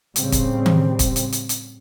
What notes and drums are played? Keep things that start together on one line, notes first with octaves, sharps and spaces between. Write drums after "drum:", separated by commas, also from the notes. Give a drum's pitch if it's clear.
A2 C#3 G3 C4, drum: hi-hat
drum: kick, hi-hat
drum: tom D#3
drum: kick, hi-hat
drum: hi-hat
drum: hi-hat
drum: hi-hat